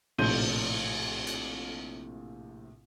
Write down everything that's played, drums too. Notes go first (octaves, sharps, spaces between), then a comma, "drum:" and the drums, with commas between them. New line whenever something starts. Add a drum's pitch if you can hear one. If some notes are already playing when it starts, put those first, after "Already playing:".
A#1 A2 C3 C6 G6 D#7, drum: cymbal
drum: hi-hat